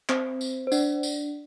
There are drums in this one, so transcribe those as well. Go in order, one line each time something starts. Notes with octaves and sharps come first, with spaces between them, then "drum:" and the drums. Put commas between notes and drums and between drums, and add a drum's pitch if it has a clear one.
C4 C5, drum: clap
drum: tambourine
C5
D4 D5, drum: tambourine
drum: tambourine